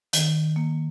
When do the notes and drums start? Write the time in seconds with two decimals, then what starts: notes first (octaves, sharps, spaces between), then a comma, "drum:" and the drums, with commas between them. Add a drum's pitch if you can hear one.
0.13 D#3, drum: hi-hat
0.56 A#3